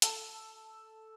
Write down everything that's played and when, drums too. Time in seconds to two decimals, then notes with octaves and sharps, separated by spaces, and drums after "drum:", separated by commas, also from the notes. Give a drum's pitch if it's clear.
0.02 A4 A5, drum: hi-hat